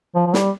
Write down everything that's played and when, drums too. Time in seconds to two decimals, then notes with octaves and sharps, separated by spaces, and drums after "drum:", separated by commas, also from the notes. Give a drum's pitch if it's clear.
0.15 F3
0.27 F3
0.34 G3, drum: snare